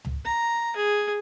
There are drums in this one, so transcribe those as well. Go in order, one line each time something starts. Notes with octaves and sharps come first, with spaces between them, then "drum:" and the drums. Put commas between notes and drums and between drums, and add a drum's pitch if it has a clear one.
drum: tom C#2
A#5
G#4